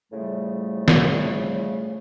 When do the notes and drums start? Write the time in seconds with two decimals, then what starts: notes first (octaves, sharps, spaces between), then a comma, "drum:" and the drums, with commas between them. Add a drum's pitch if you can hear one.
0.12 A2 C#3 F3 G3 A3
0.88 drum: snare